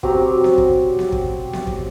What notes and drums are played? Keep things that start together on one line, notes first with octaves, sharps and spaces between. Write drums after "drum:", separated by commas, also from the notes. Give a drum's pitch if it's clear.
F#3 C4 G4 A#5, drum: kick
drum: snare B3
drum: kick
drum: snare B3
drum: kick
drum: snare B3
drum: kick